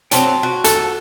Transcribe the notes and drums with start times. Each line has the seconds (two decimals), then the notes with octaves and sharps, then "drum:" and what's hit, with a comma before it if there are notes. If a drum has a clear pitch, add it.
0.11 F#3 B3 C4 G5 A5 C6, drum: hi-hat
0.43 F#4
0.64 A4, drum: hi-hat